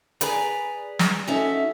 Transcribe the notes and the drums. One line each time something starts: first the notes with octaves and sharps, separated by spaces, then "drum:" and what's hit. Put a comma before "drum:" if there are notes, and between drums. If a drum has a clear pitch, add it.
G#4 B4 D5 G#5 A#5, drum: hi-hat
drum: snare
C#4 D#4 F#4 A4 E5